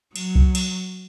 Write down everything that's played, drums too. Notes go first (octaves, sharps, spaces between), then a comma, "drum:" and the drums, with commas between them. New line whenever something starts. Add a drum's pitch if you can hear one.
F#3, drum: cymbal
drum: kick C2
drum: cymbal